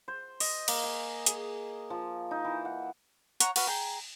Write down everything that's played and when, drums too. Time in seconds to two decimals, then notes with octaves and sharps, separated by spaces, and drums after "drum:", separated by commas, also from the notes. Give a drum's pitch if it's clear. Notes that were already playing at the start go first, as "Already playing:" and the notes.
0.08 C5
0.40 D#5, drum: open hi-hat
0.68 A#3, drum: cymbal
0.84 G#5
1.26 G#4, drum: hi-hat
1.90 F3
2.31 D#4
2.45 E3
2.65 F#5
3.40 C#5 F#5 A#5, drum: hi-hat
3.56 F#4 B4 F5, drum: cymbal
3.67 G#4 G5 A#5